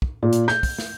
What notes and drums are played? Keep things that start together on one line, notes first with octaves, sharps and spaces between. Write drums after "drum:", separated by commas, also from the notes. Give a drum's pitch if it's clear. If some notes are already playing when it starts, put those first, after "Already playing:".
drum: kick
A#2
drum: hi-hat
G6, drum: snare
drum: kick, open hi-hat
drum: snare